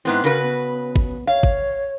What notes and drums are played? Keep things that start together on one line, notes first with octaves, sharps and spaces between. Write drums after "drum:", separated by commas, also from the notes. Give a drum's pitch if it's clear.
G#2 B3 C4 E4
C#3 F#4 A#4 B4
B3
drum: kick
C#5 F5
drum: kick